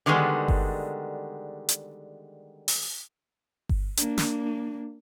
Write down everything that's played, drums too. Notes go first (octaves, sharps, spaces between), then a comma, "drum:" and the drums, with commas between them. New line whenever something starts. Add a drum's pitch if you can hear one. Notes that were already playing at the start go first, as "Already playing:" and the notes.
D3 D#3 G3 G#3 B3
drum: kick G1
drum: hi-hat
drum: open hi-hat
drum: kick G1
A#3 D4, drum: hi-hat
drum: snare